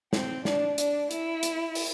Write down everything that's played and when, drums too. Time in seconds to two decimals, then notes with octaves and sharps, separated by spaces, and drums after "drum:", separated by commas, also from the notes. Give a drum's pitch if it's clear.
0.13 C4, drum: snare
0.45 D4, drum: snare
0.78 D4, drum: hi-hat
1.11 E4, drum: hi-hat
1.43 drum: hi-hat
1.75 drum: open hi-hat